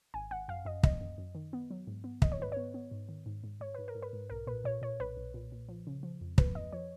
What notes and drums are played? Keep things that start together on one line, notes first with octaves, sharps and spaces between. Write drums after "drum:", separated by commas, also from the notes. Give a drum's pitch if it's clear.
G#1 G#5
G#1 F#5
F#2 F5
F#2 D#5
F#2 D#5, drum: kick
F#2
F#2
D#3
B3
F#3
G#2
B3
D#3 D#5, drum: kick
C#5
G#2 B4
B3 C#5
B3
G#2
D#3
G#2
G#2
G#2 C#5
G#2 B4
A#4
G#2
B4
G#2
B1 A#4
A#2 B4
A#2 C#5
A#2 C#5
B1 B4
B1
A#2
A#2
F3
C#3
F3
F2
F3 B4, drum: kick
F2 D#5
F3 C#5